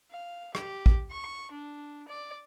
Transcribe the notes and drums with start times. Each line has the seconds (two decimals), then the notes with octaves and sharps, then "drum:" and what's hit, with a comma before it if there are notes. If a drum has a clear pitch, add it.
0.11 F5
0.55 G4, drum: rim click
0.86 drum: kick
1.11 C#6
1.51 D4
2.08 D5